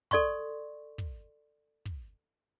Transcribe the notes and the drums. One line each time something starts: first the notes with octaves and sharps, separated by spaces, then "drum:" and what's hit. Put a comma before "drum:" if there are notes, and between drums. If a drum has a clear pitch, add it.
A4 D5 C6 C#6, drum: kick
drum: kick
drum: kick